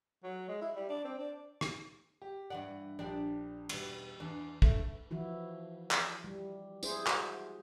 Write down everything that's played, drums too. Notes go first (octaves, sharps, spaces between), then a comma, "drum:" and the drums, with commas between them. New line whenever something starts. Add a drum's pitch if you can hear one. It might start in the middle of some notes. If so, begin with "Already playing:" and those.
F#3
G#3
E4
G3
D4
C4
D4
drum: rim click
G4
G2 E3 D5 F#5
A#1 D4 G4
E2 B2 G3, drum: cymbal
E2 D4
A3, drum: kick
E3 F3 E4 F#4
drum: clap
G3
E4 G#4 C5, drum: tambourine
F#4, drum: clap